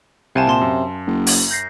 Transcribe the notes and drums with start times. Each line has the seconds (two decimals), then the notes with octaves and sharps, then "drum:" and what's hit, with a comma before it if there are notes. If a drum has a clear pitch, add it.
0.35 C2 C3 F5 G#5 A5
0.47 A#2 A5 C6 E7
0.61 F#2
1.07 F#1
1.27 drum: open hi-hat
1.51 G6 A#6 C7